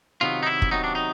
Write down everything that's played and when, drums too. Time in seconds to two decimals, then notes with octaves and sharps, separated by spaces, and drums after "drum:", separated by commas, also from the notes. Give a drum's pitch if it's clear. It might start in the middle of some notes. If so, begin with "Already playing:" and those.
0.21 C3 D#3 F#3 B3 F4
0.43 D#4
0.46 E4
0.62 drum: kick
0.71 C3 D#3 F#3 B3 D#4
0.84 D4
0.95 D#4